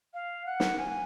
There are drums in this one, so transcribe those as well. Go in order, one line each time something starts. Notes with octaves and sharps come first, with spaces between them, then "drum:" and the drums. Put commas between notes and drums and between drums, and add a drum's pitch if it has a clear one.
F5
F#5
drum: snare
G#5